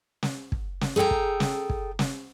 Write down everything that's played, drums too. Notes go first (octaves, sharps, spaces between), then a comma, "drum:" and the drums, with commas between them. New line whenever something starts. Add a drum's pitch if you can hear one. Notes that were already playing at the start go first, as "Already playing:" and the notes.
drum: snare
drum: kick
drum: snare
G#4 A4 D#5 G5 A#5
drum: kick
drum: snare
drum: kick
drum: snare